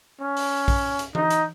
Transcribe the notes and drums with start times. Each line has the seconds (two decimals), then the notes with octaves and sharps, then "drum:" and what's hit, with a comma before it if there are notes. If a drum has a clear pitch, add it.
0.21 C#4
0.37 drum: open hi-hat
0.68 drum: kick A#1, open hi-hat
0.99 drum: hi-hat
1.15 D#4, drum: tom E3
1.30 drum: hi-hat